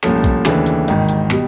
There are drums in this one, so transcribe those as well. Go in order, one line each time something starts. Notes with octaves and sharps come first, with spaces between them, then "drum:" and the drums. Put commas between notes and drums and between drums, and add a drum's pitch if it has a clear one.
C2 A#2 F3 A3 C#4, drum: clap
drum: kick, hi-hat
D#2 C#3 E3 A3 D4, drum: clap
drum: hi-hat
G#1 G#2 D#3, drum: hi-hat
drum: hi-hat
B2 G3, drum: clap